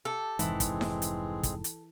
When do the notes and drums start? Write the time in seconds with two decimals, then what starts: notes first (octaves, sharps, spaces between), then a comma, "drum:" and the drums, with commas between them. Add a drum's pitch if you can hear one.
0.05 G4 A4
0.39 F1 G#2 E3 G#3 C4 G#4, drum: hi-hat
0.60 drum: kick, hi-hat
0.81 drum: snare D#4
1.02 drum: hi-hat
1.43 drum: kick, hi-hat
1.64 drum: hi-hat